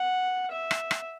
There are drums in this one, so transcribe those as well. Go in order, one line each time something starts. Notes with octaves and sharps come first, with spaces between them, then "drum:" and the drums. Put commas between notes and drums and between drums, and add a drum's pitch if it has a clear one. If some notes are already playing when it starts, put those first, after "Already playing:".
Already playing: F#5
E5
drum: rim click
drum: rim click